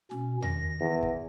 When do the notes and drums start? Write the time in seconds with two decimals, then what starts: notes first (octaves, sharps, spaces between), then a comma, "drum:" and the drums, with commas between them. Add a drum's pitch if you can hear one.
0.11 B2 C#4, drum: snare
0.42 D#3 A#6, drum: tom E2
0.80 E2
1.03 drum: kick